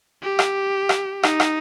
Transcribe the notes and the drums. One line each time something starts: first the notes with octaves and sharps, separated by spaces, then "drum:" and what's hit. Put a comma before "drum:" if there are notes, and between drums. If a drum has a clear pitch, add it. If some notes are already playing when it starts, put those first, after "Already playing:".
G4
drum: rim click
drum: rim click
D#4, drum: rim click
drum: rim click